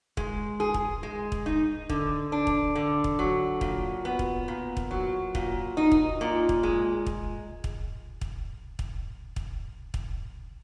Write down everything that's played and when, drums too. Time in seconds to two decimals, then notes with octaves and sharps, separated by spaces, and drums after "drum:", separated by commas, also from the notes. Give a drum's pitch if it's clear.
0.17 G#3, drum: kick
0.60 G#4
0.74 drum: kick
1.03 G#3
1.32 drum: kick
1.46 D#4
1.89 D3, drum: kick
2.32 D4
2.47 drum: kick
2.75 D3
3.04 drum: kick
3.19 F#3
3.61 A#2, drum: kick
4.05 B3
4.19 drum: kick
4.48 A#2
4.77 drum: kick
4.91 F#3
5.35 A#2, drum: kick
5.77 D#4
5.92 drum: kick
6.21 A#2
6.49 drum: kick
6.63 G#3
7.06 drum: kick
7.64 drum: kick
8.21 drum: kick
8.79 drum: kick
9.36 drum: kick
9.94 drum: kick